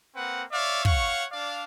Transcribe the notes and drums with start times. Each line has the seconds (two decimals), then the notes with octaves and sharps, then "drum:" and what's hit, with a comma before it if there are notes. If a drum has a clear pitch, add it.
0.15 A#3 C4 B4 F#5
0.52 C#5 D5 E5 F5
0.85 C#5 F5 F#5 C#6, drum: kick
1.32 D4 D5 F5